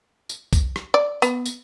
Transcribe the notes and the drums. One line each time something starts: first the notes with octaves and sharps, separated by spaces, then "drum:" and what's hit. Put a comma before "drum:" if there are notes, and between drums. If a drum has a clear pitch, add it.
drum: tambourine
drum: kick C2, tambourine
drum: rim click
D5
B3, drum: tambourine
drum: tambourine